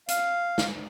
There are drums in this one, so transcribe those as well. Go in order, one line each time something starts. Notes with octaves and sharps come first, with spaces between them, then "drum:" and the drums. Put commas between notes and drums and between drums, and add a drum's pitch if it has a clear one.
F5, drum: hi-hat
drum: snare